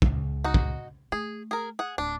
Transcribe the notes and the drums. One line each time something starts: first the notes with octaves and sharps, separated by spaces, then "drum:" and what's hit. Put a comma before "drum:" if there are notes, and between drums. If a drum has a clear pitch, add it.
C#2, drum: kick
D#4 F#4
drum: kick
A3 G#4
G#4 A#4
G#4 F#5
D1 D4